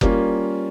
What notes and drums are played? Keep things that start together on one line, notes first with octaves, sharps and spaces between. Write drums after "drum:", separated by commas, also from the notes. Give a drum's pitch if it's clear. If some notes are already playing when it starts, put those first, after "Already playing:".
G3 A#3 C#4 F4, drum: kick F#1